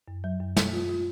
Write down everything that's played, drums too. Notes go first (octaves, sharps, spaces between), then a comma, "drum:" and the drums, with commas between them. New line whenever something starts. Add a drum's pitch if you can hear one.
F#2
F#3
F#2
A3, drum: snare
F4
F4